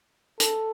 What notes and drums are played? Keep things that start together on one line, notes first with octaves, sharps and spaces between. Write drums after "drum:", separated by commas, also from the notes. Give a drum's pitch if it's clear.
A4, drum: hi-hat